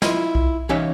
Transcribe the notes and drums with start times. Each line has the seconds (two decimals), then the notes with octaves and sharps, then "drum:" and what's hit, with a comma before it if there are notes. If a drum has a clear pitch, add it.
0.02 E4 F4 D#5, drum: snare
0.35 drum: kick B1
0.69 E3 C#4 D#4 C#5 E5 F5